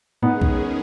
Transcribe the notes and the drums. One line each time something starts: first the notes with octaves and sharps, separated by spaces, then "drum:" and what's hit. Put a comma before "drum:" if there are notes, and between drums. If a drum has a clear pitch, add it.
D#3 G#3 B3 C#4 D#4 G#4, drum: tom G#2
drum: kick B1